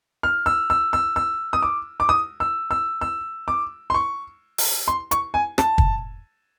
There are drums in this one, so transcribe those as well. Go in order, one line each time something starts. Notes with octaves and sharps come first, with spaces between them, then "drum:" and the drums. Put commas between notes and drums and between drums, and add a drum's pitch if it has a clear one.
F6
E6
E6
E6
E6
D#6
D6
D6
D#6
E6
E6
E6
D6
C6
C#6
drum: open hi-hat
C6
C#6, drum: hi-hat
G#5
A5, drum: rim click
drum: kick